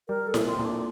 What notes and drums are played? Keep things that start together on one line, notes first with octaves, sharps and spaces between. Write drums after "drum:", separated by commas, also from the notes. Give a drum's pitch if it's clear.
G3 A#4
A4
A#2, drum: snare E4
C4
A#2
D4